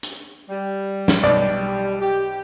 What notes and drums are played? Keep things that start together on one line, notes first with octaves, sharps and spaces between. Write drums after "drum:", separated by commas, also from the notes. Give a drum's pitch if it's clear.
drum: hi-hat
G3
drum: snare
B1 D5
G4